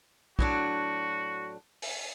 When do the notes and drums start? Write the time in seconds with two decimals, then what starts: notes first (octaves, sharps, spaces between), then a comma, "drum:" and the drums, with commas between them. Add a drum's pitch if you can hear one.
0.39 A2 F#3 D4 F#4, drum: kick
1.82 drum: open hi-hat